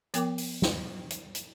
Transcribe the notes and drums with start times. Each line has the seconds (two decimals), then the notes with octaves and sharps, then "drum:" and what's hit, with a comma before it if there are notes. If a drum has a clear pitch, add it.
0.14 F3 B3 A#4 G5 D6, drum: hi-hat
0.38 drum: open hi-hat
0.62 drum: snare
1.10 drum: hi-hat
1.35 drum: hi-hat